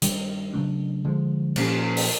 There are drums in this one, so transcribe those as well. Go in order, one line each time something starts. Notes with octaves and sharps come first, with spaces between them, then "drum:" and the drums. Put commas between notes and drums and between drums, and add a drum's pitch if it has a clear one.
G2 D#3 G3, drum: hi-hat
C#3 F#3 A3 D4
D3 F3 G#3
A#2 F3 A#3 C#4, drum: cymbal
drum: open hi-hat